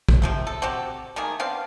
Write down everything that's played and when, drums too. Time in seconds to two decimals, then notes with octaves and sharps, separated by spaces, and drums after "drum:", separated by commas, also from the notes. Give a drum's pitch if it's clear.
0.09 drum: kick
0.22 C3 F3 C4
0.47 A4
0.62 C4 F#4 G4 A4
1.16 D#3 A3 A#3 G#4
1.40 B3 C4 D4 F5